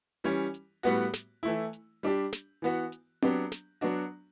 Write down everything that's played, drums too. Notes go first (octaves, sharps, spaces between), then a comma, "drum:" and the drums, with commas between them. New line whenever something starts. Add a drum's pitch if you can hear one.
E3 G3 C#4
drum: hi-hat
A2 G3 B3 F#4
drum: snare
E3 A3 E4
drum: hi-hat
G3 D4 G4
drum: snare
E3 B3 F#4
drum: hi-hat
F#3 B3 D4 G4, drum: tom C4
drum: snare
F#3 B3 D4 F#4